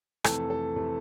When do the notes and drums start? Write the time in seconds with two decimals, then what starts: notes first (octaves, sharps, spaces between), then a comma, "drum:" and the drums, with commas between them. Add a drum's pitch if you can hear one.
0.24 F2 C3 E3 A3 A4, drum: rim click
0.50 A4
0.76 C3 E3 A3